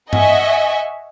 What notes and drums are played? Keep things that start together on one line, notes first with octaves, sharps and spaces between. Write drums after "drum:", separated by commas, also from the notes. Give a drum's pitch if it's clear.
D#5 E5 F#5 G#5 C#6, drum: tom G2